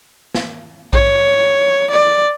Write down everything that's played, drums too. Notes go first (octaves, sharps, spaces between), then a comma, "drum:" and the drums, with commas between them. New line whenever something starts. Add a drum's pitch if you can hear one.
drum: snare
C#5, drum: kick A#1
D5